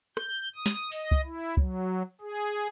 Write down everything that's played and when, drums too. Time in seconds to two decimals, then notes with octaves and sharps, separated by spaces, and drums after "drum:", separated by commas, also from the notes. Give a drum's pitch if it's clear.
0.17 G6, drum: rim click
0.56 D#6
0.66 drum: snare
0.92 D#5, drum: open hi-hat
1.11 drum: kick
1.24 E4
1.57 F#3, drum: kick
2.21 G#4